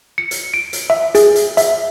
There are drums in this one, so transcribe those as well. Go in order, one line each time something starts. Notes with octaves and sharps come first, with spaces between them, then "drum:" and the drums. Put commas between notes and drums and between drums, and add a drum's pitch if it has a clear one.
C#7
drum: hi-hat
D7
drum: hi-hat
E5
G#4, drum: hi-hat
drum: hi-hat
E5, drum: hi-hat